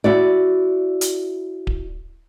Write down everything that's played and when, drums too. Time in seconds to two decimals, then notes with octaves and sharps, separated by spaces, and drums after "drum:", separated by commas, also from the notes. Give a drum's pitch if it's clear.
0.04 E4 F#4 D5
1.01 drum: hi-hat
1.67 drum: kick D1